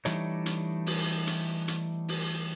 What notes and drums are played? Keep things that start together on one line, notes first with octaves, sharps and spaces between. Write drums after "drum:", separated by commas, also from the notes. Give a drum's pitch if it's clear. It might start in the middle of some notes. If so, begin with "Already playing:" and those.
E3 G3 A3 D4 D#4 C#5, drum: hi-hat
drum: hi-hat
drum: open hi-hat
drum: hi-hat
drum: hi-hat
drum: open hi-hat